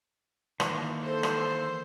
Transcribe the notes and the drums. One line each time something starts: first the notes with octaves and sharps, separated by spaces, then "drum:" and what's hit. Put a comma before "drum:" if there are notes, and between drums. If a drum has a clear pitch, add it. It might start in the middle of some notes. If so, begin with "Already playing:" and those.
D#3 E3 A#3, drum: rim click
A4 C5
drum: rim click